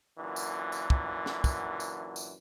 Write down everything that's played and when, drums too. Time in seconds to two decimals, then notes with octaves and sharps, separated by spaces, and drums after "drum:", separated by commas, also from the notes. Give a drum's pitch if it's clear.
0.18 F#2 A#2 D3 E3
0.36 drum: tambourine
0.72 drum: tambourine
0.90 drum: kick
1.26 drum: snare
1.44 drum: kick, tambourine
1.80 drum: tambourine
2.16 drum: tambourine